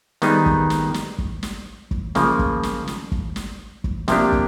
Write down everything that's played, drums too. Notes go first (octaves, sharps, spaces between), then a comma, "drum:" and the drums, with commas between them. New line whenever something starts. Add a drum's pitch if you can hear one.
D#3 G3 B3 D#4 G#4, drum: snare
drum: kick
drum: snare
drum: snare
drum: kick
drum: snare
drum: kick
C#3 F3 A#3, drum: snare
drum: kick
drum: snare
drum: snare
drum: kick
drum: snare
drum: kick
C3 F3 A#3 D4 G4, drum: snare
drum: kick